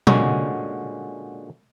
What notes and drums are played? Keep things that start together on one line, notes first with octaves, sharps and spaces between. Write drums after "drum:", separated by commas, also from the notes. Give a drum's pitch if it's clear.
A#2 D3 G#3 C#4 F#4, drum: tom B2